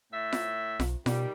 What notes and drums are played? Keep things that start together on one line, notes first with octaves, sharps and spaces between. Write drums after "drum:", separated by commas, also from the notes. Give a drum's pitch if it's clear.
A2 E5
drum: snare F4
B1, drum: snare F4
B2 D#3 G3, drum: snare F4